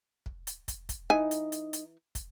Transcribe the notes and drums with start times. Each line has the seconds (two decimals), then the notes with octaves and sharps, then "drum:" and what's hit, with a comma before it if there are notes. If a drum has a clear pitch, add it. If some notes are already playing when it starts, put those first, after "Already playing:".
0.26 drum: kick
0.47 drum: hi-hat
0.68 drum: kick, hi-hat
0.89 drum: kick, hi-hat
1.10 E3 D#4 G#5
1.31 drum: hi-hat
1.52 drum: hi-hat
1.73 drum: hi-hat
2.15 drum: kick, hi-hat